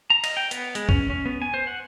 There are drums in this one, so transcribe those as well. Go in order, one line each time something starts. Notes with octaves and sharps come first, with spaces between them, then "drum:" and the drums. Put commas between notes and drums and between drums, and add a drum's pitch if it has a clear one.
A#5
D#5, drum: cymbal
G5
B3, drum: hi-hat
G#3, drum: hi-hat
C#4, drum: kick
C#4
B3
G#5
C5
F#5